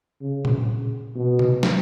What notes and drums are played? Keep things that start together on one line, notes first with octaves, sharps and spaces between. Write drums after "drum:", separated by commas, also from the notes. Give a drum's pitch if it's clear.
C#3
drum: tom A#2
B2
drum: tom C3
drum: snare